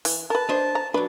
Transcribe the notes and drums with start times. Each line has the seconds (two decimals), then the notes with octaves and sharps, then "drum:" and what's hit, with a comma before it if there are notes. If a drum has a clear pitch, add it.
0.05 E3, drum: open hi-hat
0.30 A#4 B4 A5
0.49 D4 C5 D#5
0.75 A#5
0.94 F#3 D4 B4